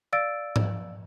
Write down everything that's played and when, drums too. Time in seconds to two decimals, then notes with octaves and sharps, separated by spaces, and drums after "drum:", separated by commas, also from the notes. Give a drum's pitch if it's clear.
0.13 D5 F5 E6 A6 D7
0.56 drum: tom G#2